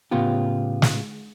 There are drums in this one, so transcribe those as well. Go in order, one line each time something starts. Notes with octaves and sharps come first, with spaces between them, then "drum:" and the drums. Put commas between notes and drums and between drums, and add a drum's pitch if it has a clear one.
A2 C#3 B3 F4 G4
drum: snare